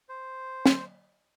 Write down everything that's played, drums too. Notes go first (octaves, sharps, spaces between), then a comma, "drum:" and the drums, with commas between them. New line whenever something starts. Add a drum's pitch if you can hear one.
C5
drum: snare